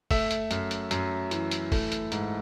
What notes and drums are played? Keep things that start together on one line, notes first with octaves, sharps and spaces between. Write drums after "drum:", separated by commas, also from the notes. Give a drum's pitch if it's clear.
A3 E5, drum: kick, open hi-hat
drum: hi-hat
F#2, drum: hi-hat
drum: hi-hat
F#2, drum: hi-hat
E3, drum: hi-hat
drum: hi-hat
A3, drum: kick, open hi-hat
drum: hi-hat
G#2, drum: hi-hat